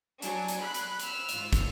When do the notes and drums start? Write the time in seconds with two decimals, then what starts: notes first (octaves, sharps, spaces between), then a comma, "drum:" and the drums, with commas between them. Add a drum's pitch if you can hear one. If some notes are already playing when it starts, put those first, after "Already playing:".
0.22 F#3 D4 G#5 A#5, drum: hi-hat
0.48 drum: hi-hat
0.60 B5 C6 F#6
0.74 drum: hi-hat
1.00 E6 F6, drum: hi-hat
1.29 G#2 F4, drum: hi-hat
1.53 drum: kick, hi-hat